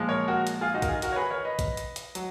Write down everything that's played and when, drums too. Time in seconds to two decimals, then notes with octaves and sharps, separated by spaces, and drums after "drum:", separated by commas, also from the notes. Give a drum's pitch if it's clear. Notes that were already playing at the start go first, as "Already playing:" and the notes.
Already playing: A#2 F3 G#3
0.09 A#4 C#5
0.28 F#4 A#4
0.47 drum: hi-hat
0.61 F4 G#4
0.74 D#4 F#4
0.82 A#4, drum: kick, hi-hat
0.88 F4 G#4
1.02 F#4 A#4, drum: hi-hat
1.12 C#5
1.16 G#4 B4
1.31 A#4 C#5
1.45 B4 D#5
1.59 drum: kick, hi-hat
1.77 drum: hi-hat
1.96 drum: hi-hat
2.15 F#3, drum: hi-hat